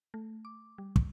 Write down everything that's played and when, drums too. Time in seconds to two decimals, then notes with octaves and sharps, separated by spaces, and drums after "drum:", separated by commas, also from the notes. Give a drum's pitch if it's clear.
0.14 A3
0.45 D6
0.78 G3
0.96 drum: kick